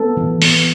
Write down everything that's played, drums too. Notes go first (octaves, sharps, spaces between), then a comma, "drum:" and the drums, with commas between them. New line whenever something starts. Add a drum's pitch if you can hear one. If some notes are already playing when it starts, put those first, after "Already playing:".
Already playing: B3 A4
E3
B3, drum: open hi-hat